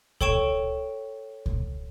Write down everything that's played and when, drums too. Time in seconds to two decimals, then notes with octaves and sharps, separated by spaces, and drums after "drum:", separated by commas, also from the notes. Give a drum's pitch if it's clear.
0.21 A4 C#5 G5 C#6 D7 E7, drum: kick C#2
1.46 drum: kick C#2